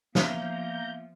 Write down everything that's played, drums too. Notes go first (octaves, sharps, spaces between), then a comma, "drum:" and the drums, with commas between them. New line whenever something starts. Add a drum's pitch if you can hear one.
F3 A#3 B3 E5 A#5 G6, drum: snare